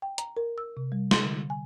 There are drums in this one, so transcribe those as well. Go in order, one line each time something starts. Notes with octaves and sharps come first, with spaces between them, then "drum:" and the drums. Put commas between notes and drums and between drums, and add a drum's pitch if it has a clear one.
G5
A#5, drum: hi-hat
A#4
E6
C3
G3
C6, drum: snare
D3
G#5